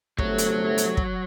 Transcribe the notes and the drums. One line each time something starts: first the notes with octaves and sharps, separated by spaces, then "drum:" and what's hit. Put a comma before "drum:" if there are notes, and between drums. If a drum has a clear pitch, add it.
G1 C3 F#3 A3 C#5, drum: kick
drum: hi-hat
drum: hi-hat
drum: kick